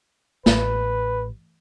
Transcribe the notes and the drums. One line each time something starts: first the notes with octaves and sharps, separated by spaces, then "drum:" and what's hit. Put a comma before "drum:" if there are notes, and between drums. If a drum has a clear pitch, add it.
A1 B4, drum: snare